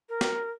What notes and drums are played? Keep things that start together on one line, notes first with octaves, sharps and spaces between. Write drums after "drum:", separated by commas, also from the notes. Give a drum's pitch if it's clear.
A#4
drum: snare